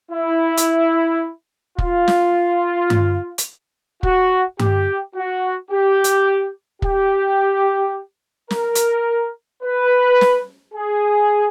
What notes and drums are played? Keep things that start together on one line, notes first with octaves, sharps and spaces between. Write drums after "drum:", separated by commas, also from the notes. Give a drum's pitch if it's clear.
E4
drum: hi-hat
F4, drum: kick
drum: snare
drum: tom G2
drum: hi-hat
F#4, drum: kick
G4, drum: tom G2
F#4
G4
drum: hi-hat
G4, drum: kick
A#4, drum: snare
drum: hi-hat
B4
drum: snare
G#4